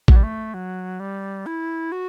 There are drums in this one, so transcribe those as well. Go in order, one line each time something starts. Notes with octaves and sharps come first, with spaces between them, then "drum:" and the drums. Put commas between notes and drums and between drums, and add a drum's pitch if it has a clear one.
F#3, drum: kick A1
G3
A3
F#3
G3
E4
F#4